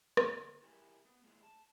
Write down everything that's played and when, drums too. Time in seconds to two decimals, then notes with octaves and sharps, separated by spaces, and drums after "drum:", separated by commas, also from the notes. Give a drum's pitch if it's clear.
0.17 D3 A#3, drum: rim click
0.62 E4 G4 G#4 A#4 C#5 E5
1.05 B3
1.23 A3 E4 F4 G#4
1.43 A5